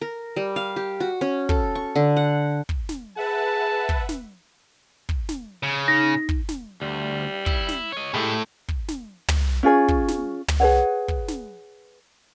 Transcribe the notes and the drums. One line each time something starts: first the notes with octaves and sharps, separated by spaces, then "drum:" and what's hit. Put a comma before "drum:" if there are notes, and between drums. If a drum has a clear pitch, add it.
A#4
G3
F5
G4
F#4
C#4
A4, drum: kick
C#6
D3
F#5
drum: kick
drum: snare
G#4 B4 E5 F#5 A5
drum: kick
drum: snare
drum: kick
drum: snare
C#3
D#4 A#6
drum: kick
drum: snare
D2 G3
E4, drum: kick
drum: snare
C#5 D#5
A2 G#3 A3 E4 G4
drum: kick
drum: snare
drum: tom
C#4 F4 G#4 C#5
drum: kick
drum: snare
drum: tom
G#4 B4 C#5 F#5
drum: kick
drum: snare